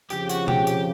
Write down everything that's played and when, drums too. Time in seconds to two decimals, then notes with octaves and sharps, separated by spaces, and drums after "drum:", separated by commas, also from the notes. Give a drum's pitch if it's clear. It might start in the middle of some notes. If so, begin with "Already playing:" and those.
0.10 F2 C#3 F3 G4, drum: tambourine
0.29 F#4, drum: tambourine
0.48 G4, drum: tom B2
0.67 G4, drum: tambourine